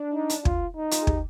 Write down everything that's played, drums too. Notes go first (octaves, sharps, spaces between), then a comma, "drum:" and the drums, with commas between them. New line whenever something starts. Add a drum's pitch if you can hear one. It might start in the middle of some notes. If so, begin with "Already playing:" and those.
Already playing: D4
D#4
drum: hi-hat
F4, drum: kick
D#4
F4, drum: hi-hat
G#4
G4, drum: kick